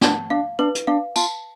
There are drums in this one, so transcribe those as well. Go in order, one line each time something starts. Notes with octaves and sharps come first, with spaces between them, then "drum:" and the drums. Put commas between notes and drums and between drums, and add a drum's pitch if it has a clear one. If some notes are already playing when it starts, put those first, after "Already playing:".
D4 A5, drum: snare
D4 F5
D4 B4
drum: hi-hat
D4 F5
F4 A5, drum: tambourine